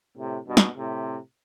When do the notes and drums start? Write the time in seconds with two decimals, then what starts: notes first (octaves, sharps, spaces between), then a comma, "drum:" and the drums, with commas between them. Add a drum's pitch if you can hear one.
0.17 A2 C3
0.47 G2 B2
0.57 drum: snare
0.77 A2 C3